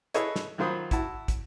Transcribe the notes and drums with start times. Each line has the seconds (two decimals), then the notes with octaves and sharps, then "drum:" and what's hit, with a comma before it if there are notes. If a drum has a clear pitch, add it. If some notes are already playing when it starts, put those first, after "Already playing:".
0.14 E4 G#4 A4 B4 C#5 D#5, drum: hi-hat
0.36 drum: snare
0.58 D#3 F#3 F4 C5 B5 D#6
0.91 E4 F#4 A5, drum: kick, hi-hat
1.28 drum: kick, hi-hat